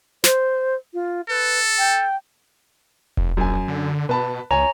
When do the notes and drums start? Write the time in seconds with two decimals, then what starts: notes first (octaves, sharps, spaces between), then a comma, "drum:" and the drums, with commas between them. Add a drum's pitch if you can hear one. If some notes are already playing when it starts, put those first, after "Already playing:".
0.24 C5, drum: snare
0.93 F4
1.29 A4 B4
1.78 G5
3.17 F1, drum: kick E1
3.37 A#1 F#2 G#5
3.68 D3
4.09 B2 B4 A5 B5
4.51 C#2 C#5 G#5 A#5